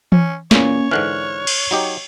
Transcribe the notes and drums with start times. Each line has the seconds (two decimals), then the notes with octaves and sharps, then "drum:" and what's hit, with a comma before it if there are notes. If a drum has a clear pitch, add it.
0.12 C#4, drum: tom E3
0.51 E2 A#2 A#3 C#4 C#5, drum: snare
0.91 G#2 D3 E3 F6 F#6
1.47 drum: cymbal
1.71 F#3 D#4 G4